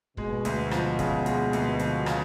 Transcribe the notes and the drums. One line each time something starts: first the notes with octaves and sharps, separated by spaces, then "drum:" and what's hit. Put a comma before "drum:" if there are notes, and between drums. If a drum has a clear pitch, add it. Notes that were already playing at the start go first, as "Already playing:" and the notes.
B2 G#3, drum: kick
D2, drum: hi-hat
F3, drum: rim click
C#3, drum: kick, hi-hat
G#3, drum: hi-hat
D2, drum: hi-hat
F3, drum: hi-hat
C#3, drum: rim click